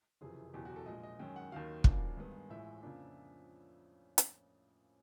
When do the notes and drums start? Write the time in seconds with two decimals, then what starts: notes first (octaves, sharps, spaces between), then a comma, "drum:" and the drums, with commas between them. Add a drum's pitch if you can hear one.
0.21 F#1 F2 C3 E3 G#4
0.53 F#1 E2 B2 F#3 G4
0.65 F#4
0.76 A4
0.86 A#1 A#2 F3 G#3 D#5
1.03 D#5
1.19 F#2 D#3 G#3 C#4 G5
1.36 F#5
1.52 D#2 D#3 F#3 F5
1.84 D2 C#3 F3 A#3 D4, drum: kick
2.17 G2 D#3 G#3 B3
2.50 A1 A2 F3 G#3 E5
2.83 F2 C#3 F3 A#3 D4
4.18 drum: hi-hat